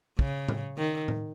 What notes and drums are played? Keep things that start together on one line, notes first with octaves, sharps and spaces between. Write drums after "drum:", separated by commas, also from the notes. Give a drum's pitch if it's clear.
C#3, drum: kick
drum: tom A2
D#3
drum: tom A2